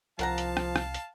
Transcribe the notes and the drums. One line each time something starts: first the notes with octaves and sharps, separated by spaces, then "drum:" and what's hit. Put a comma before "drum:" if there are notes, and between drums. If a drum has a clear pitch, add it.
C2 F3 A#4 F5 F#5 A5 A#5, drum: hi-hat
drum: hi-hat
drum: rim click
drum: rim click
drum: hi-hat